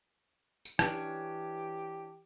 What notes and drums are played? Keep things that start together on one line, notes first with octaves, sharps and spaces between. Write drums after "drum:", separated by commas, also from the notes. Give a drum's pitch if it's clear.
drum: tambourine
E3 C#4 D4 G4 C#5, drum: rim click